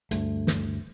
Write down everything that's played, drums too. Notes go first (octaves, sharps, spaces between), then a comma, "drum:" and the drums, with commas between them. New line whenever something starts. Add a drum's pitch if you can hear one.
D2 G2 A3, drum: hi-hat
drum: snare